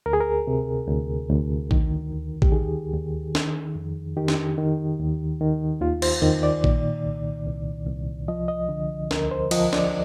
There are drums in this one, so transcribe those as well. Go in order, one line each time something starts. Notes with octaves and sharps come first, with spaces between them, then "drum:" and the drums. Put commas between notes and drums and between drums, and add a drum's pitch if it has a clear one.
D2 A#4
G#4
A#4
C3
D2
D2
D#3, drum: kick A#1
D#2
G4, drum: kick A#1
D#3 G#4
D#2
D#3, drum: snare
F2
D#3 G4
drum: snare
D#3
D#2
D#3
D#2 F4
C5, drum: cymbal
D#3, drum: tom E2
D5
A#2, drum: kick A#1
C2
C2
C2
F3 D#5
D#5
D3
D2 A#4, drum: snare
C5
F3 D#5, drum: cymbal
D5, drum: snare